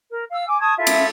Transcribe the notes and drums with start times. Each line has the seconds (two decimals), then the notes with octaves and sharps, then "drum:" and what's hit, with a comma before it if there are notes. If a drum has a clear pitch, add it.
0.10 A#4
0.31 F5 E6
0.47 G#5 D6
0.59 A5 C#6 D#6 G#6
0.77 E4 F4 A4 E5
0.87 drum: cymbal